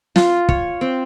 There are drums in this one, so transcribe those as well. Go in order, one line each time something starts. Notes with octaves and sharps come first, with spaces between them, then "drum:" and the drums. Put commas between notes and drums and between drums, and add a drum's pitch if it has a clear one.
F4, drum: snare
C#5, drum: kick
C4